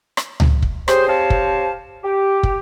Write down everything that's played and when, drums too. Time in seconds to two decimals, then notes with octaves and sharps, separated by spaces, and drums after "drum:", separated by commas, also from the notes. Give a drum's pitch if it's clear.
0.17 drum: rim click
0.40 drum: tom C#2
0.62 drum: kick
0.88 C#4 G4 G#4 C5, drum: rim click
1.08 C4 G4 C5 C#5 F5 A5
1.30 drum: kick
2.04 G4
2.43 drum: kick